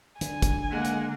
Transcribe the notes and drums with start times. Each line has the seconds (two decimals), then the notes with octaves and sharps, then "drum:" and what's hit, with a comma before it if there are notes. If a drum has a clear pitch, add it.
0.21 D3 G#5, drum: hi-hat
0.42 drum: kick, hi-hat
0.70 G#3 A#3 F#5
0.85 drum: hi-hat